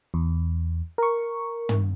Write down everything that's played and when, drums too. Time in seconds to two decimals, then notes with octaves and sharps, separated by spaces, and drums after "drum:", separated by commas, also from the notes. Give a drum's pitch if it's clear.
0.14 E2
0.98 A#4 C#6
1.69 drum: tom